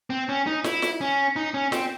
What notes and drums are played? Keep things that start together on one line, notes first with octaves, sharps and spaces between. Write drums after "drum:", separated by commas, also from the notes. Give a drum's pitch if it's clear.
C4
C#4
D#4
E4, drum: snare
drum: snare
C#4
D#4
C#4
C4, drum: snare